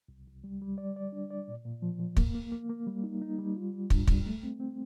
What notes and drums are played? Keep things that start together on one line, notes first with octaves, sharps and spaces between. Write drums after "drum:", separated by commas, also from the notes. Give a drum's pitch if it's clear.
C2
C2
G3
G3
D5
D5
D4
D5
A#2
A#2
F3
F3
A#3, drum: kick
A#3
A#3
A#3
G3
D#4
D#4
G3
F4
G3
D4, drum: kick
G3, drum: kick
A3
C4
C4